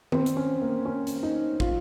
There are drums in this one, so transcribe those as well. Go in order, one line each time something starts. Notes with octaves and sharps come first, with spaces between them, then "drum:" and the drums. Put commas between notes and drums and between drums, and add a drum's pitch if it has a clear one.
C4, drum: tom D#3
drum: hi-hat
C#4
A#3
C#4
drum: hi-hat
D#4
F4, drum: kick